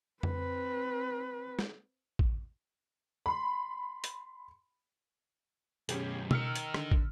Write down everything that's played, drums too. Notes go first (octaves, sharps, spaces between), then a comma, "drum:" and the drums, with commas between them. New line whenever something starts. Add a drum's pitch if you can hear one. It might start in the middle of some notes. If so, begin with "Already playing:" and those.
C4 B4, drum: tom F2
drum: snare
drum: kick
B5 C6
drum: hi-hat
B1 F#2 C#4 G4 G#4, drum: hi-hat
D#4 A#4 E6 F6 C#7, drum: tom B2
drum: hi-hat
D3, drum: rim click
drum: kick